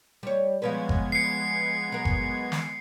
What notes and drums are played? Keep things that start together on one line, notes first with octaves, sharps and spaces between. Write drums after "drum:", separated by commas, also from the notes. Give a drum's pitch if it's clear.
G3 C#5
F3 G#3 B3 C#4 B4 G#6
drum: kick G1
C7 C#7
F#3 A#4
drum: kick G1
drum: snare